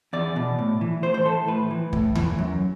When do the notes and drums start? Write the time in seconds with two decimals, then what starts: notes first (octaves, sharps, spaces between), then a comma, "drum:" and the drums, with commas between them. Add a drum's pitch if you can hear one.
0.13 E2 D5
0.36 B2
0.59 A2
0.81 E3
1.03 A2 C5
1.14 C5
1.25 E3 A4
1.48 A2 B4
1.71 E3
1.93 A2, drum: kick
2.15 E3, drum: tom D#2
2.38 F#2